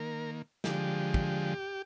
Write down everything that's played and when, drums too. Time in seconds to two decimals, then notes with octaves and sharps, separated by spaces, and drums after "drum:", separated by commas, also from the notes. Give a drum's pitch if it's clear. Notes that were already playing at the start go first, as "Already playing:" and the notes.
Already playing: D#3 A#3 A#4
0.64 D3 F3 G#3 G4, drum: snare
1.14 drum: kick